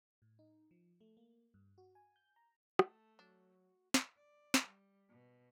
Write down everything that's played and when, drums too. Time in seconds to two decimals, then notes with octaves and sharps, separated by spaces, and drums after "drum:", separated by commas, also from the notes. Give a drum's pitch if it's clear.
0.22 A2
0.39 D#4
0.71 F3
1.01 A3
1.17 A#3
1.54 G2
1.78 F#4
1.95 G#5
2.16 G6
2.36 A#5
2.79 A3 A5, drum: rim click
3.19 F#3 D4 F#4
3.94 drum: snare
4.16 D5
4.54 drum: snare
4.65 G3
5.09 B2